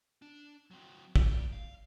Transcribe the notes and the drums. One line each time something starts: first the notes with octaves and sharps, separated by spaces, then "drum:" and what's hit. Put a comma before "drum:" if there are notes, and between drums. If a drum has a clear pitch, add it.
D4
F#3 C4
A3 D5, drum: kick
F5